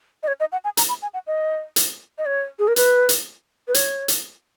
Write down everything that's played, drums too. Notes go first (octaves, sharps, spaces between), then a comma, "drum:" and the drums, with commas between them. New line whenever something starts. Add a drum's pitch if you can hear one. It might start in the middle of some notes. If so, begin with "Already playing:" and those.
D#5
C#5
D#5
F#5
G#5
A#5, drum: hi-hat
B5
G#5
F#5
D#5
drum: hi-hat
D#5
C#5
G#4
A#4
B4, drum: hi-hat
drum: hi-hat
B4
C#5, drum: hi-hat
drum: hi-hat